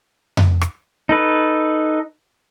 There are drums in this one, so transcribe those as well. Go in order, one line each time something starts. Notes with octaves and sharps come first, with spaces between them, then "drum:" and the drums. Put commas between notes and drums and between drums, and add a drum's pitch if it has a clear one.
drum: tom F2
drum: rim click
D#4 A4 B4